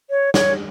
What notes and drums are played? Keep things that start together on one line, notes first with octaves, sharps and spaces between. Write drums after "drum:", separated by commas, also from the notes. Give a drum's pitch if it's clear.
C#5
C#5, drum: snare